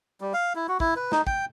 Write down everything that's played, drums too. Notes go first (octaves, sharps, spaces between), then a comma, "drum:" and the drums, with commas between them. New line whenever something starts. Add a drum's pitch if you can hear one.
G3
F5
E4
F#4
E4, drum: kick
B4
D#4, drum: snare
G5, drum: kick